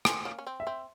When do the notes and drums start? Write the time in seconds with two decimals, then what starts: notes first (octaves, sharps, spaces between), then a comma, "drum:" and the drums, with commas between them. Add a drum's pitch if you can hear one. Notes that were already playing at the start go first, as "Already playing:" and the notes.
0.05 C4 G#5, drum: rim click
0.25 A#3 C#4
0.38 C#4
0.47 C4
0.60 E5
0.67 C4